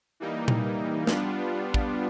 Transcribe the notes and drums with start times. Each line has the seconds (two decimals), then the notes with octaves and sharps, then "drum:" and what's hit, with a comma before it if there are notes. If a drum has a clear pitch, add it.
0.20 E3 G3 A#3 D#4
0.48 drum: tom A#2
1.07 G3 B3 D4 F4, drum: snare
1.74 drum: kick